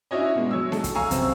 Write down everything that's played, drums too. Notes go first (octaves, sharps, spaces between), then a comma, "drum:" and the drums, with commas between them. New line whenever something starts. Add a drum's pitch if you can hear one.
C#4 D4 E4 F#4 C#5 D#5
B2 G#3
F#3 C#5 E6
A4, drum: snare D4
drum: kick, hi-hat
F5 G#5 A#5 C#6 E6
F#2 C3 C4 E6, drum: kick, hi-hat